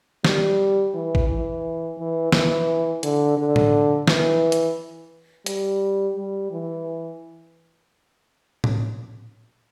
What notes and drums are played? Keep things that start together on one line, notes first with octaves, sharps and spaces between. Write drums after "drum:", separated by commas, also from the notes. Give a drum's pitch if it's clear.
G3, drum: snare
E3
drum: kick
E3
E3
E3, drum: snare
D3, drum: hi-hat
D3
drum: tom A2
E3, drum: snare
drum: hi-hat
G3, drum: hi-hat
G3
E3
drum: tom A2